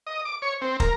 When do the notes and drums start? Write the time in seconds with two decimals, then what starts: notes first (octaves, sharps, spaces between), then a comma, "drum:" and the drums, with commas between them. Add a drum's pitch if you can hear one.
0.07 D#5
0.25 D6
0.42 C#5
0.61 C4
0.80 A#4, drum: kick